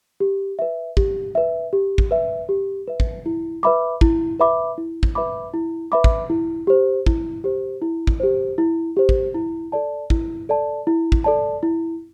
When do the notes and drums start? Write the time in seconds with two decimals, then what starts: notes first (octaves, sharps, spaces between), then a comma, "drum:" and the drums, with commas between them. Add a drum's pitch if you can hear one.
0.20 G4
0.59 B4 E5
0.97 G4, drum: kick
1.35 B4 E5
1.73 G4
1.98 drum: kick
2.11 B4 E5
2.49 G4
2.87 B4 E5
3.00 drum: kick
3.26 E4
3.63 B4 E5 B5 D6
4.01 E4, drum: kick
4.39 B4 E5 B5 D6
4.78 E4
5.03 drum: kick
5.15 B4 E5 B5 D6
5.54 E4
5.92 B4 E5 B5 D6
6.04 drum: kick
6.30 E4
6.67 G4 C5
7.06 E4, drum: kick
7.44 G4 C5
7.82 E4
8.07 drum: kick
8.20 G4 C5
8.58 E4
8.97 G4 C5
9.09 drum: kick
9.35 E4
9.72 A4 D5 A5
10.10 E4, drum: kick
10.49 A4 D5 A5
10.87 E4
11.12 drum: kick
11.24 A4 D5 A5
11.63 E4